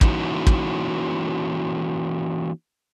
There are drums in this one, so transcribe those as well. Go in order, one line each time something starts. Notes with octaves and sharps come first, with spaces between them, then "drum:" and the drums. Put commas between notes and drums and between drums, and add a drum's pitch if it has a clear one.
E3 A#3 C#4 D#4 E4 F#4, drum: kick
drum: kick